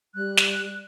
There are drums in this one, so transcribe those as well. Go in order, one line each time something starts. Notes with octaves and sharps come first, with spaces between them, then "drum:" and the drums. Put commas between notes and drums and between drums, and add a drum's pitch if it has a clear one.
G3 F#6
drum: snare